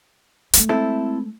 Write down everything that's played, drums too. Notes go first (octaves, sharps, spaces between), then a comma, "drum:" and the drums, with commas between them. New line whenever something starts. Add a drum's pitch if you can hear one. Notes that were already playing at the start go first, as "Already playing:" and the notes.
G#3 A3, drum: hi-hat
C4 E4 A4